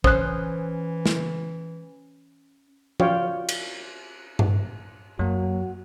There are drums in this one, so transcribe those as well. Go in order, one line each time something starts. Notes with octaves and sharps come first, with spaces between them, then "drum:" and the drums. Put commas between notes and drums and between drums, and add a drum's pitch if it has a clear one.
E3 C#4 C5 D#6 F#6, drum: kick
drum: snare
F4 F#4 C#5 D5 F5 G5, drum: tom F3
drum: cymbal
drum: tom G2
F#2 F#3 A#3 F#4